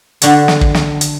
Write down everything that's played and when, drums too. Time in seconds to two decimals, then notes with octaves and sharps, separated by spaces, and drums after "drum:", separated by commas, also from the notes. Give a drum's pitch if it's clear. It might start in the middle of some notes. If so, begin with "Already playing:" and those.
0.22 D3 D4 F#4 A4, drum: hi-hat
0.48 drum: snare
0.61 drum: kick
0.74 drum: snare
1.01 drum: hi-hat